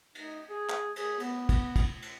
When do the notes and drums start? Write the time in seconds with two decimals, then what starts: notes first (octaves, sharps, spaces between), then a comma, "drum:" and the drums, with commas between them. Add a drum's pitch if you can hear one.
0.15 D#4, drum: cymbal
0.49 G#4
0.69 drum: clap
0.96 G#4, drum: cymbal
1.20 B3, drum: cymbal
1.49 drum: kick, cymbal
1.76 drum: kick, cymbal
2.02 drum: cymbal